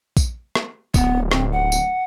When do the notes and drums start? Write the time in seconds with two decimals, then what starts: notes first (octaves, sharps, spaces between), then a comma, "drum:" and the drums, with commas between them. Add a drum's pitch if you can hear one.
0.17 drum: kick, tambourine
0.55 drum: rim click
0.94 D1 B3, drum: kick, tambourine
1.32 C4, drum: rim click
1.52 F#5
1.72 drum: tambourine